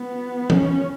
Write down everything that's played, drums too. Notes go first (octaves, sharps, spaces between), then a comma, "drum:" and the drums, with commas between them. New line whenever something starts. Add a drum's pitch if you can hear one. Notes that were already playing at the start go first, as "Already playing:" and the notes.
Already playing: B3
C#4, drum: tom E3